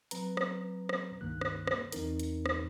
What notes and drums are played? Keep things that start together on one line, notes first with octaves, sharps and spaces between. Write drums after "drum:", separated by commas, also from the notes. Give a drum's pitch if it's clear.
F#3 C4 B4 A#5, drum: hi-hat
drum: rim click
drum: rim click
C#2 G2 D#3 A#3 F#6
drum: rim click
drum: rim click
E2 E3 C4 D#4 A#4, drum: hi-hat
drum: hi-hat
drum: rim click